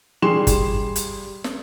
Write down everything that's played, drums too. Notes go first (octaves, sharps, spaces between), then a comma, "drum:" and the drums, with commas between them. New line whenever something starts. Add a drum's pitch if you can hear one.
G3 G#4 C6 E7
drum: kick, hi-hat
drum: hi-hat
drum: snare